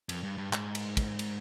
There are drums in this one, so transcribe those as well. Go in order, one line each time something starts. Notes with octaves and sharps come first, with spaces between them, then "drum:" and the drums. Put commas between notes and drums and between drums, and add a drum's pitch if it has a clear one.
F2, drum: cymbal
G2
G2
G#2, drum: clap
drum: cymbal
drum: kick, cymbal
drum: cymbal